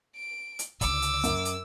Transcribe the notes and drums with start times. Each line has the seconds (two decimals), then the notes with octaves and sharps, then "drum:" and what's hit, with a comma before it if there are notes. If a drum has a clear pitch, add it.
0.15 D7
0.59 drum: hi-hat
0.81 C#2 D3 D6 E6, drum: kick, hi-hat
1.02 drum: hi-hat
1.24 F#2, drum: hi-hat
1.45 drum: hi-hat